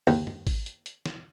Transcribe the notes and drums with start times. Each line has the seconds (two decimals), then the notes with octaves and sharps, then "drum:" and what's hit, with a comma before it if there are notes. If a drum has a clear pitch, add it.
0.07 D#2, drum: open hi-hat
0.27 drum: tom
0.47 drum: kick G#1, open hi-hat
0.66 drum: hi-hat
0.86 drum: hi-hat
1.06 drum: snare